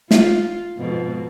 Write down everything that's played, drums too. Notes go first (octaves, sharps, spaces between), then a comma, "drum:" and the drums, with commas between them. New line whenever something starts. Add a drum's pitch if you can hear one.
F4, drum: snare
F2 G#2 B2